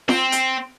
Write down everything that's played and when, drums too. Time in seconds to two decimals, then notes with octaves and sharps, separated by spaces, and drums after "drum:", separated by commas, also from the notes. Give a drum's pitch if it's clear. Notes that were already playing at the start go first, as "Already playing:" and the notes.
0.09 C4, drum: snare
0.32 drum: hi-hat